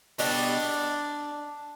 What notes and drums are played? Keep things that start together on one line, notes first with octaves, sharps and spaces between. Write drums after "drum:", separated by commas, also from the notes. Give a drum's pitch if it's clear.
B2 G3 B3 D4, drum: open hi-hat